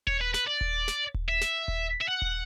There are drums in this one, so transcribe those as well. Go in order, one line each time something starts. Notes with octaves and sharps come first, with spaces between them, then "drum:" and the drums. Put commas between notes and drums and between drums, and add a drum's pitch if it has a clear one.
C#5, drum: kick D#1
B4
B4, drum: snare
D5
drum: kick D#1
drum: snare
drum: kick D#1
E5
drum: snare
drum: kick D#1
E5
F#5
drum: kick D#1